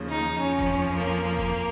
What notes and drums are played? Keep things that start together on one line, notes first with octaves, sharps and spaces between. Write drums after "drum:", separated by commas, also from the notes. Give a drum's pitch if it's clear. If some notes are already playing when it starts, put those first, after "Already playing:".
Already playing: D#2 C#3 F3
D#4
F2 F3 C#4
drum: kick F#1, hi-hat
A#3
drum: kick F#1, hi-hat